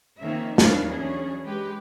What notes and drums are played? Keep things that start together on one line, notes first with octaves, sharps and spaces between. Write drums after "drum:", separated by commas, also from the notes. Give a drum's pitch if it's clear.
D#3 F3 A#3 C4 C#4 E5
D#2 F#3 B3 C4 D4 F5, drum: snare
E3 F#3 C#4 D4 G#4
G#3 G4 B4